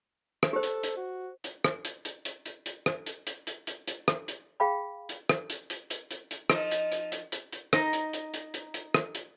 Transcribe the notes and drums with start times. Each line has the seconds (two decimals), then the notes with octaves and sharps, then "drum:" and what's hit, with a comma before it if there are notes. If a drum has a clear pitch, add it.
0.43 drum: rim click
0.53 G4 A4 C5
0.63 drum: hi-hat
0.83 drum: hi-hat
0.97 F#4
1.44 drum: hi-hat
1.64 drum: rim click
1.85 drum: hi-hat
2.05 drum: hi-hat
2.25 drum: hi-hat
2.46 drum: hi-hat
2.66 drum: hi-hat
2.86 drum: rim click
3.06 drum: hi-hat
3.27 drum: hi-hat
3.47 drum: hi-hat
3.67 drum: hi-hat
3.88 drum: hi-hat
4.08 drum: rim click
4.28 drum: hi-hat
4.60 G#4 F5 G5 B5
5.09 drum: hi-hat
5.29 drum: rim click
5.50 drum: hi-hat
5.70 drum: hi-hat
5.90 drum: hi-hat
6.11 drum: hi-hat
6.31 drum: hi-hat
6.50 F3 D#4 D#5, drum: rim click
6.71 drum: hi-hat
6.92 drum: hi-hat
7.12 drum: hi-hat
7.32 drum: hi-hat
7.53 drum: hi-hat
7.73 D#4 A#5, drum: rim click
7.93 drum: hi-hat
8.13 drum: hi-hat
8.34 drum: hi-hat
8.54 drum: hi-hat
8.74 drum: hi-hat
8.94 drum: rim click
9.15 drum: hi-hat